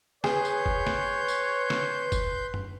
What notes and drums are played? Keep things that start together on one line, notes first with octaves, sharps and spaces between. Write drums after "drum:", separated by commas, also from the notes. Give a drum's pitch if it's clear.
G#4 B4 C#5 C6 G6, drum: snare
drum: tambourine
drum: kick F#1
drum: snare
drum: tambourine
drum: snare
drum: kick F#1, tambourine
drum: tom